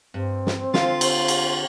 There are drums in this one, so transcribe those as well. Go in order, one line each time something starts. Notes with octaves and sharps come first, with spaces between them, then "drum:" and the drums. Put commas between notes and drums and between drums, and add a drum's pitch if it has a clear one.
G2 C4
drum: snare
D3 F4 F5, drum: snare
drum: cymbal
drum: cymbal